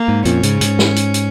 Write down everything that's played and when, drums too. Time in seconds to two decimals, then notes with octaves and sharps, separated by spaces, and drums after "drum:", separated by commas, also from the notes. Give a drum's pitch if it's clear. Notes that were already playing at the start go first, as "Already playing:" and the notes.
Already playing: A#3
0.08 G#2
0.25 F2 A#2 C#4, drum: hi-hat
0.43 G#2 C#3, drum: hi-hat
0.61 G#2, drum: hi-hat
0.79 drum: snare
0.96 drum: hi-hat
1.14 drum: hi-hat